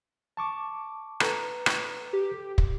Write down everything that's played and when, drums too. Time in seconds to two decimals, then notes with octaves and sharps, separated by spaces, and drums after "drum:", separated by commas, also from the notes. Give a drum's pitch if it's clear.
0.37 A5 C#6 D6
1.20 A4 B4 A#5, drum: rim click
1.66 drum: rim click
2.13 G4
2.58 drum: kick